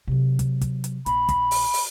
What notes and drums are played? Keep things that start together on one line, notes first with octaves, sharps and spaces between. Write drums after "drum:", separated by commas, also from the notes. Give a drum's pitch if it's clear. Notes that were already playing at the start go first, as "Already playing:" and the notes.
C3 F#3
drum: kick, hi-hat
drum: kick, hi-hat
drum: hi-hat
A#1 B5, drum: hi-hat
drum: kick, hi-hat
drum: open hi-hat
drum: open hi-hat